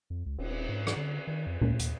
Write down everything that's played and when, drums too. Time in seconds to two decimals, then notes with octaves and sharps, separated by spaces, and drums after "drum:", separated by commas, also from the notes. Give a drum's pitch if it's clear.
0.10 F2
0.26 C#2
0.38 D#1, drum: cymbal
0.69 G#2
0.87 drum: rim click
0.96 D3
1.27 D#3
1.46 F2
1.61 D2, drum: tom A#2
1.79 D#2, drum: hi-hat